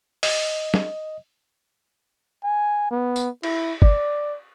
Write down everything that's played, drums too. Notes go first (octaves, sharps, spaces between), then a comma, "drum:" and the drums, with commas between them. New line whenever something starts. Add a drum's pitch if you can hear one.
D#5, drum: open hi-hat
drum: snare
G#5
B3
drum: tambourine
E4, drum: cymbal
D5, drum: kick